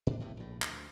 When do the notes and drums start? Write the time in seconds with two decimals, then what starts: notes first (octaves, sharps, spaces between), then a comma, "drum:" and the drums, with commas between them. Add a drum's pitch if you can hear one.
0.07 A2 D4
0.20 A2 C3 E3
0.37 A#1 A2
0.62 D2, drum: clap